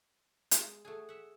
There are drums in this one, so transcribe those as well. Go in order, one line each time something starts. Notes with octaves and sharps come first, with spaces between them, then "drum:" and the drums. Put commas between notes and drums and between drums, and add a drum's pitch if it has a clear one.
G#3, drum: hi-hat
A3 F#4 G#4
E5 F#5